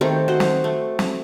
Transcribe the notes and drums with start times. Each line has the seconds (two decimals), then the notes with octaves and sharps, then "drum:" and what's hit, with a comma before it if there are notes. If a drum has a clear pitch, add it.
0.01 D#3 A3 C4 G4
0.28 F#4 C5 D#5
0.40 drum: snare
0.64 A3
0.99 drum: snare